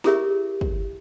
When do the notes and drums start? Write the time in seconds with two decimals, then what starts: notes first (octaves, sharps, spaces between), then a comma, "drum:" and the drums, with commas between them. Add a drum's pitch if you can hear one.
0.04 E4 G4 G#4 A#4 C#5 E5, drum: snare
0.61 drum: kick